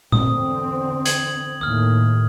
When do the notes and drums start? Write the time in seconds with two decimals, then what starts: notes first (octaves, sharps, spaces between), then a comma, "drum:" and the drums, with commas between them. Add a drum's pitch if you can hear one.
0.12 E2 D3 C4 D#6, drum: tom A#2
1.05 G#6 F#7, drum: hi-hat
1.61 D#2 A2 D#3 D#6 F6